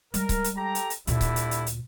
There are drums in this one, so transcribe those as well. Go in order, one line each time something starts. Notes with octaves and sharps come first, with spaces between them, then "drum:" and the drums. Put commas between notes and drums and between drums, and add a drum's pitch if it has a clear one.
G3 G#3 A#4, drum: hi-hat
drum: kick C#1, hi-hat
drum: hi-hat
G4 A4 A#5
drum: hi-hat
drum: hi-hat
D2 A#2 D3 G3 E4, drum: hi-hat
drum: kick C#1, hi-hat
drum: hi-hat
drum: hi-hat
drum: hi-hat